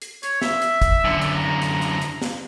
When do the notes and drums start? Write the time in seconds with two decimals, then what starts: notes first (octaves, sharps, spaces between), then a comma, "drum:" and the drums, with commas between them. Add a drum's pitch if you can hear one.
0.02 drum: hi-hat
0.23 C#5, drum: hi-hat
0.42 E5, drum: snare
0.62 drum: hi-hat
0.82 drum: kick, hi-hat
1.05 F#2 D3
1.22 drum: hi-hat
1.36 A#5
1.62 drum: hi-hat
1.82 drum: hi-hat
2.02 drum: hi-hat
2.22 drum: snare